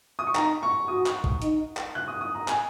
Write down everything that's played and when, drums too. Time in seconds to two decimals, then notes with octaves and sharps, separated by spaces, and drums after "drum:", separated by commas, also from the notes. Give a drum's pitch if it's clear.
0.19 D#6
0.27 C#6
0.35 D#4 A#5, drum: clap
0.63 C#6
0.88 F#4 D#6
1.06 drum: clap
1.24 drum: kick A1
1.42 D#4, drum: hi-hat
1.77 drum: clap
1.95 F#6
2.08 D#6
2.21 D#6
2.35 A#5
2.48 G#5, drum: clap